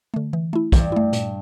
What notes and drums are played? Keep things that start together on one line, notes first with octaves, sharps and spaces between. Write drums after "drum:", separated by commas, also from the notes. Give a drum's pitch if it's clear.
D3 A3
E3
A3 E4
G2 E3, drum: kick, hi-hat
A3 E4
A#2, drum: hi-hat